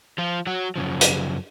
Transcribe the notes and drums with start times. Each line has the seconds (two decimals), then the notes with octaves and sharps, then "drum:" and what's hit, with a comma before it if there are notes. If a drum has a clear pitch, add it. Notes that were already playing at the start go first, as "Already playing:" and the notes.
0.18 F3 F4
0.47 F#3 F#4
0.76 F#2 C#3 F3
1.01 drum: hi-hat